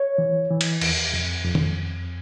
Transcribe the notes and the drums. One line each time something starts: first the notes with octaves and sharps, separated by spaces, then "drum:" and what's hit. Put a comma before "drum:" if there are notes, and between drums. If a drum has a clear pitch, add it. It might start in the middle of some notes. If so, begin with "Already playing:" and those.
Already playing: C#5
E3
E3
drum: cymbal
E2, drum: cymbal
F2
F2
drum: tom